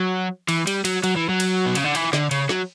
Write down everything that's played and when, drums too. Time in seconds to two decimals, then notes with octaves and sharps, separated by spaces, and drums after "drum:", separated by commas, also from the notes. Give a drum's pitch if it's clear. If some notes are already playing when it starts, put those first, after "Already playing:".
Already playing: F#3
0.49 E3, drum: cymbal
0.67 G3, drum: cymbal
0.85 F#3, drum: cymbal
1.04 F#3, drum: cymbal
1.16 E3
1.29 F#3
1.40 drum: cymbal
1.66 B2
1.75 C#3, drum: cymbal
1.84 D3
1.95 E3, drum: cymbal
2.13 D3, drum: snare
2.31 C#3, drum: cymbal
2.49 F#3, drum: snare